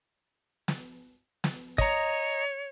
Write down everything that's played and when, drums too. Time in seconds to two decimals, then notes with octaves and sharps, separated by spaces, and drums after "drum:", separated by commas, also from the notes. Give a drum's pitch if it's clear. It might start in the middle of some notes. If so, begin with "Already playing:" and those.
0.68 drum: snare
1.44 drum: snare
1.78 C#5 D#5 A#5, drum: kick